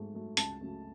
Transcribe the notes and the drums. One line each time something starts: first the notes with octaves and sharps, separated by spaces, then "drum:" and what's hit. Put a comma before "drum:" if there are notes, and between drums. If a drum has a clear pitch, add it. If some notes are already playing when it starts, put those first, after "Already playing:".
Already playing: G#2 F#3 A3
F#3 A3
C#2 A5, drum: hi-hat
C#3 F#3 A3